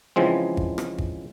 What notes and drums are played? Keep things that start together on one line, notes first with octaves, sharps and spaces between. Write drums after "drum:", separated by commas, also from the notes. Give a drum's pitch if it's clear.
C#3 E3 F3 G#3 C4
drum: kick G#1
drum: rim click
drum: kick G#1